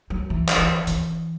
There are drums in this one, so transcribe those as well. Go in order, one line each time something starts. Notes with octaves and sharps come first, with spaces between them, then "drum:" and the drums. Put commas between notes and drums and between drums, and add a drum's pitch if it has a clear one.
F#3
E3
drum: clap
E3
E3, drum: hi-hat